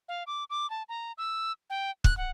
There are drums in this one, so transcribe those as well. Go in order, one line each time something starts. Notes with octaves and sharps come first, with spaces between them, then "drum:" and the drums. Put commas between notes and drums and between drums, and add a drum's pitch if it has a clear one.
F5
D6
D6
A5
A#5
E6
G5
F#6, drum: kick
F#5